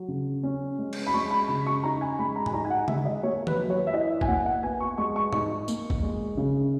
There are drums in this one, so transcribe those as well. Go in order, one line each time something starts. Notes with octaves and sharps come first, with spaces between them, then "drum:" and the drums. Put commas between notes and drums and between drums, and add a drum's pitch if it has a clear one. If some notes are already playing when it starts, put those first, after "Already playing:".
Already playing: F#3
C#3
C#4
G#3
drum: cymbal
B5
G#3 C#6
B5
C#3 B5
C#6
D#4 A#5
G#5
G#3 B5
A#5
G#5, drum: tom G#2
D#4 A#5
G#5
F#5
G#3 E5, drum: tom C#3
D#5
A#3 C#5
B4, drum: tom D#3
F#3
C#5
E5
E4 D#5
E5
G#5, drum: kick
A#3 F#5
F#5
B3 G#5
C#6
G#3 C#6
C#6
D#4 C#6, drum: tom G#2
A#3, drum: tambourine
drum: kick
G#3
C#3